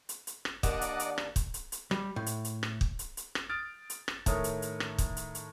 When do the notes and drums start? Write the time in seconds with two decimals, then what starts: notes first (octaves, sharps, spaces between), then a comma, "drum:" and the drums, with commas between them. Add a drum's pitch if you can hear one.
0.09 drum: hi-hat
0.27 drum: hi-hat
0.45 drum: rim click
0.63 D#2 D4 A#4 D5 D#5 F#5, drum: kick, hi-hat
0.81 drum: hi-hat
0.99 drum: hi-hat
1.18 drum: rim click
1.36 drum: kick, hi-hat
1.54 drum: hi-hat
1.72 drum: hi-hat
1.91 G3, drum: rim click
2.16 A2
2.26 drum: hi-hat
2.45 drum: hi-hat
2.63 drum: rim click
2.81 drum: kick
2.99 drum: hi-hat
3.17 drum: hi-hat
3.35 drum: rim click
3.49 D#6 F6 A6 D7
3.90 drum: hi-hat
4.08 drum: rim click
4.26 A2 D#3 A#4 C#5 D#6, drum: kick, hi-hat
4.44 drum: hi-hat
4.62 drum: hi-hat
4.80 drum: rim click
4.98 drum: kick, hi-hat
5.17 drum: hi-hat
5.35 drum: hi-hat